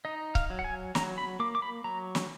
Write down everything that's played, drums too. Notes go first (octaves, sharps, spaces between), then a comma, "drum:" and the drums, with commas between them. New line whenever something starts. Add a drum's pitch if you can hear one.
D#4 D#5
F5, drum: kick C#1
F#3
F#5
G#5
F#3 A#5, drum: snare
B5
A#3 D6
D6
B5
F#3 A#5
drum: snare